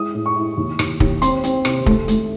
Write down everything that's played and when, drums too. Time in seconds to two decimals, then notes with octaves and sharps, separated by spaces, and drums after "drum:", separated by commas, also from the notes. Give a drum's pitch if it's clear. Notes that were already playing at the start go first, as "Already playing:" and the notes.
Already playing: G#3 E4 D#6
0.15 A2
0.26 C#6
0.36 E4
0.57 D#2
0.79 D#2, drum: rim click
1.00 D#2, drum: kick
1.22 C4 C6, drum: hi-hat
1.44 C4, drum: hi-hat
1.65 C3, drum: rim click
1.86 A3, drum: kick
2.08 A3, drum: hi-hat